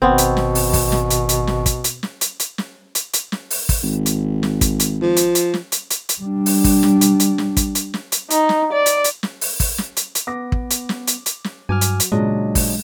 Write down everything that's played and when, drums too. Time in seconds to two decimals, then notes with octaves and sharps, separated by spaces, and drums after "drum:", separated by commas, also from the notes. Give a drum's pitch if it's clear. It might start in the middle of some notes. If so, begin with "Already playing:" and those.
0.02 G#1 B2 B3 C4
0.18 drum: hi-hat
0.37 drum: snare
0.55 drum: open hi-hat
0.74 drum: kick, open hi-hat
0.92 drum: snare
1.10 drum: hi-hat
1.29 drum: hi-hat
1.47 drum: snare
1.66 drum: kick, hi-hat
1.84 drum: hi-hat
2.03 drum: snare
2.21 drum: hi-hat
2.40 drum: hi-hat
2.58 drum: snare
2.95 drum: hi-hat
3.14 drum: hi-hat
3.32 drum: snare
3.50 drum: open hi-hat
3.69 drum: kick, open hi-hat
3.83 G#1
4.06 drum: hi-hat
4.43 drum: snare
4.61 drum: kick, hi-hat
4.80 drum: hi-hat
5.02 F3
5.17 drum: hi-hat
5.35 drum: hi-hat
5.54 drum: snare
5.72 drum: hi-hat
5.91 drum: hi-hat
6.09 drum: hi-hat
6.22 G3 D4
6.46 drum: open hi-hat
6.64 drum: kick, open hi-hat
6.83 drum: snare
7.01 drum: hi-hat
7.20 drum: hi-hat
7.38 drum: snare
7.57 drum: kick, hi-hat
7.75 drum: hi-hat
7.94 drum: snare
8.12 drum: hi-hat
8.31 D#4, drum: hi-hat
8.49 drum: snare
8.73 D5
8.86 drum: hi-hat
9.04 drum: hi-hat
9.23 drum: snare
9.41 drum: open hi-hat
9.60 drum: kick, open hi-hat
9.78 drum: snare
9.97 drum: hi-hat
10.15 drum: hi-hat
10.27 B3 D6 A#6
10.52 drum: kick
10.71 drum: hi-hat
10.89 drum: snare
11.07 drum: hi-hat
11.26 drum: hi-hat
11.44 drum: snare
11.69 G2 F#3 G#5 D6 F6
11.81 drum: hi-hat
12.00 drum: hi-hat
12.12 C#2 A#2 F#3 G#3 D4 D#5
12.55 drum: kick, open hi-hat